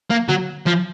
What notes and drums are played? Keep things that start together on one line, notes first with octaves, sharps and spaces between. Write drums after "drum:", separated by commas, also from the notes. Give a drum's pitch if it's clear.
A#3
F#3, drum: tom
F3